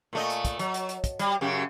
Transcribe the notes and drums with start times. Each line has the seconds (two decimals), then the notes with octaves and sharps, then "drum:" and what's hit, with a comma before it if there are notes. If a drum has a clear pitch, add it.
0.13 A#2 A3 D#5
0.30 drum: hi-hat
0.45 drum: kick, hi-hat
0.59 F#3, drum: hi-hat
0.74 drum: hi-hat
0.89 drum: hi-hat
1.04 drum: kick, hi-hat
1.19 G3, drum: hi-hat
1.41 F#2 C#3 G4